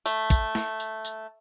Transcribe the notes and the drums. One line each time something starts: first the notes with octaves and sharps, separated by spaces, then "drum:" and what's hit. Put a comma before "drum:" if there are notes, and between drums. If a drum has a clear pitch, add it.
A3, drum: tambourine
drum: kick, tambourine
drum: snare
drum: tambourine
drum: tambourine